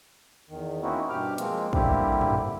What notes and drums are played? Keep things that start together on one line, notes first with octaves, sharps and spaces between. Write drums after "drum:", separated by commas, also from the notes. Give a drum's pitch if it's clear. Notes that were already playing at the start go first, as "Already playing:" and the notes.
E2 D#3
A#3 C4 C#4 D#4 E4 F#4
G2 B2 G4 D6 F6
F3 G#3 A#3 C4, drum: hi-hat
D3 G3 A#3 C4 E4 G4, drum: kick
drum: tom F#2